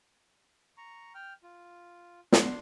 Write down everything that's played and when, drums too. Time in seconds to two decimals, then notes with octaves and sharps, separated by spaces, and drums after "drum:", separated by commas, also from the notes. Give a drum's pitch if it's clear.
0.78 A#5 C#6
1.15 G5 F6
1.43 F4
2.32 B3 D4 C6, drum: snare